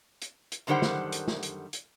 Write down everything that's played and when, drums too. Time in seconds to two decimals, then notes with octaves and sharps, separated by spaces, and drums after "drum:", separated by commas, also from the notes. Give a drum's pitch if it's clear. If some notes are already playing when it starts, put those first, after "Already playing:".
0.22 drum: hi-hat
0.52 drum: hi-hat
0.67 F#2 D3 D#3 G3 C5 F#5
0.82 drum: snare
1.12 drum: hi-hat
1.28 drum: snare
1.43 drum: hi-hat
1.73 drum: hi-hat